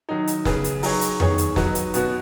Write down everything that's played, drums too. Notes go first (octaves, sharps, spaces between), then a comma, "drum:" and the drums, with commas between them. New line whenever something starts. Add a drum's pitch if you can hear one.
D#3 F#3 D#4
drum: hi-hat
C#3 B3 G#4 B4, drum: snare
drum: hi-hat
F#3 D#4 G#4 C#5, drum: open hi-hat
drum: hi-hat
D#3 B3 G#4 C#5, drum: tom F2
drum: hi-hat
F#3 D#4 F#4 B4, drum: snare
drum: hi-hat
B2 B3 F#4, drum: hi-hat